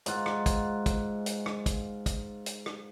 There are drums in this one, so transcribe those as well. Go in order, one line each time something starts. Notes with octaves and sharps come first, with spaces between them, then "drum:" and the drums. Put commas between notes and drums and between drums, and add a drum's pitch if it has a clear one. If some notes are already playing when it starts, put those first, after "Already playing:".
G#2 F4 F#5, drum: hi-hat
drum: rim click
drum: kick, hi-hat
drum: kick, hi-hat
drum: hi-hat
drum: rim click
drum: kick, hi-hat
drum: kick, hi-hat
drum: hi-hat
drum: rim click